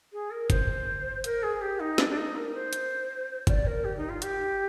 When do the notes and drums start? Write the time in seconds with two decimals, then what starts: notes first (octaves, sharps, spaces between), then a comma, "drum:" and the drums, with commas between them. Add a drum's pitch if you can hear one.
0.12 G#4
0.30 A#4
0.50 C5, drum: kick, hi-hat
1.24 A#4, drum: hi-hat
1.42 G#4
1.61 G4
1.79 D#4
1.98 D4, drum: snare
2.09 D4
2.17 D#4
2.35 A#4
2.54 C5
2.73 drum: hi-hat
3.47 D5, drum: kick, hi-hat
3.66 A#4
3.84 G4
3.97 D#4
4.09 F4
4.22 G4, drum: hi-hat